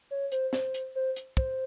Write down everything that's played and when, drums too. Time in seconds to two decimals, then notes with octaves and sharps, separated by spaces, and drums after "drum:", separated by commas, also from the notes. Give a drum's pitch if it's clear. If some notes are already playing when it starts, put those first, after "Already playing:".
0.11 C#5
0.32 C5, drum: hi-hat
0.53 C5, drum: snare
0.74 drum: hi-hat
0.95 C5
1.16 drum: hi-hat
1.37 C5, drum: kick